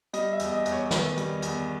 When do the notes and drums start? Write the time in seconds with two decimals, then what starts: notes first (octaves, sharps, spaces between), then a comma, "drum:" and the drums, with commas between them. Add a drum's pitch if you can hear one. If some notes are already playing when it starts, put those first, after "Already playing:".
0.13 G3 D#5, drum: hi-hat
0.33 E5
0.39 E2, drum: hi-hat
0.52 D#5
0.65 E2, drum: hi-hat
0.72 C#5
0.91 D#3 B4, drum: snare
1.17 G3, drum: hi-hat
1.42 E2, drum: hi-hat